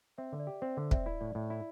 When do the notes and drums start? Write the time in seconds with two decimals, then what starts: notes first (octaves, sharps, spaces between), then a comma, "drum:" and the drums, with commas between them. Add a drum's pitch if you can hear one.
0.18 C4 E5
0.32 D3
0.40 D5
0.47 G4
0.62 C4 C5
0.77 D3 D5
0.91 C4 E5, drum: kick
1.06 E4 D5
1.21 A2 D5
1.35 A2 E5
1.50 E4 D5